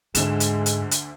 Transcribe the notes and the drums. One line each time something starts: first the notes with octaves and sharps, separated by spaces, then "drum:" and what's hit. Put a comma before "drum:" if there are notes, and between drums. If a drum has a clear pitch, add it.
D2 G#2 D3 G#3 E7, drum: hi-hat
drum: hi-hat
drum: hi-hat
drum: hi-hat